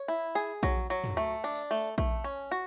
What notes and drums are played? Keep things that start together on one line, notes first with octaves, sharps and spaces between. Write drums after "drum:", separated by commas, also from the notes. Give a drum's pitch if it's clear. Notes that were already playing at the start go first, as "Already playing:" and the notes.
Already playing: C#5
E4
G#4
F#3, drum: kick A#1
F#3
drum: tom
A3, drum: hi-hat
D4
drum: tambourine
A3
A3, drum: kick A#1
C#4
F#4